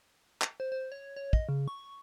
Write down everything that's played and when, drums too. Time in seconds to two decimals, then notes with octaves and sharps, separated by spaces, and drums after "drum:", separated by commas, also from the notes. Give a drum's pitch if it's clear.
0.42 drum: clap
0.60 C5
0.72 C5
0.92 C#5
1.16 C#5
1.33 D#5, drum: kick
1.49 C#3
1.68 C#6